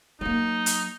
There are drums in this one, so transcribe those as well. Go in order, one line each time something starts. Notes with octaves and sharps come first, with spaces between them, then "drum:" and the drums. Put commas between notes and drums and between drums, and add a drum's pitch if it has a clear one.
F#3 A#3 D#4
drum: hi-hat